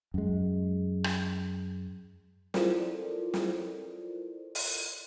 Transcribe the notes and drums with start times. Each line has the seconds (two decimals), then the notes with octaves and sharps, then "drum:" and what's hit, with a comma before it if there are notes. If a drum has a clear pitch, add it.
0.14 F#2 G#3
1.04 drum: rim click
2.54 E4 F4 A4 A#4 C5 D5, drum: snare
3.34 drum: snare
4.55 drum: open hi-hat